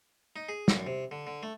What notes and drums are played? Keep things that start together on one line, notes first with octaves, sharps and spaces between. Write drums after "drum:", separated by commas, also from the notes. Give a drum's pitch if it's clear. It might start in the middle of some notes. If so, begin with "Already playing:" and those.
D#4
G#4
F#2, drum: snare
C3
D3
D3
A3